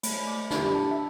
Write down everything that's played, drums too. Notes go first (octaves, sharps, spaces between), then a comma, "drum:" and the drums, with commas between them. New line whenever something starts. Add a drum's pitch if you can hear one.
A3 B5, drum: cymbal
D6
D4 G4 B5, drum: snare
A5
E5